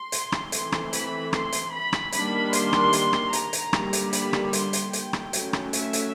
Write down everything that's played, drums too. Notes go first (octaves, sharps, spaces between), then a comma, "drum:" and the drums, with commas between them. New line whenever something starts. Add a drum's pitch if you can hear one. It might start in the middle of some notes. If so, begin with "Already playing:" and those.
Already playing: C6
drum: hi-hat
drum: rim click
E3 A3 C4 C6, drum: hi-hat
drum: rim click
B5, drum: hi-hat
C6, drum: rim click
drum: hi-hat
B5
drum: rim click
D#3 G3 A#3 D4 B5, drum: hi-hat
C6, drum: hi-hat
drum: rim click
drum: hi-hat
drum: rim click
A#5, drum: hi-hat
drum: hi-hat
D3 G3 A#3, drum: rim click
drum: hi-hat
B5, drum: hi-hat
drum: rim click
C6, drum: hi-hat
drum: hi-hat
G5, drum: hi-hat
drum: rim click
F#3 A3 C#4, drum: hi-hat
drum: rim click
E5, drum: hi-hat
drum: hi-hat